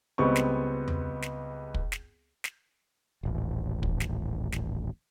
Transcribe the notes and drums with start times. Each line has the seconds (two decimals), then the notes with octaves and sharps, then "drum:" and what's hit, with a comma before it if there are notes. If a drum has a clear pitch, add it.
0.18 C#2 G3 B3 C4 C#6
0.36 drum: snare
0.88 drum: tom E2
1.22 drum: snare
1.74 drum: kick
1.92 drum: snare
2.44 drum: snare
3.23 D#1 A1
3.83 drum: kick
4.00 drum: snare
4.52 drum: snare